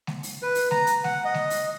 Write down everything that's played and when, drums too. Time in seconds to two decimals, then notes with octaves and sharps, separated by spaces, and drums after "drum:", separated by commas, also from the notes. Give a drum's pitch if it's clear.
0.07 drum: snare G#3
0.23 drum: open hi-hat
0.43 B4
0.55 drum: open hi-hat
0.71 A#5, drum: snare G#3
0.87 drum: hi-hat
1.04 F#5, drum: snare G#3
1.25 D#5
1.34 drum: snare G#3
1.50 drum: open hi-hat